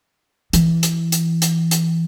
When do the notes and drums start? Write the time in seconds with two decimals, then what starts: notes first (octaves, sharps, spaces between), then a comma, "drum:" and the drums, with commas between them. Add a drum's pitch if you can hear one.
0.53 E3, drum: hi-hat
0.83 drum: hi-hat
1.12 drum: hi-hat
1.42 drum: hi-hat
1.71 drum: hi-hat